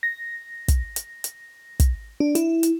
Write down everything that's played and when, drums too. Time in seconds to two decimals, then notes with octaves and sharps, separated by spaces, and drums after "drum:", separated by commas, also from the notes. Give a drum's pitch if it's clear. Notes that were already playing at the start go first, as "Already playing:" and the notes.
0.03 A#6
0.68 drum: kick, hi-hat
0.96 drum: hi-hat
1.24 drum: hi-hat
1.80 drum: kick, hi-hat
2.20 D4
2.35 E4, drum: hi-hat
2.63 drum: hi-hat